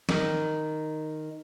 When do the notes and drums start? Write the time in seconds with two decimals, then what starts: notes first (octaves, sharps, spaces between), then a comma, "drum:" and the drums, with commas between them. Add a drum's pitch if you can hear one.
0.09 D#3, drum: snare